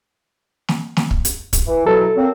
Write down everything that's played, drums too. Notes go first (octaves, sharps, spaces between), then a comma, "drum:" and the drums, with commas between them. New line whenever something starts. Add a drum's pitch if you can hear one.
drum: snare
drum: snare
drum: kick
drum: hi-hat
drum: kick, hi-hat
E3
B2 E3 F#3 A4
F#3 A#3 C4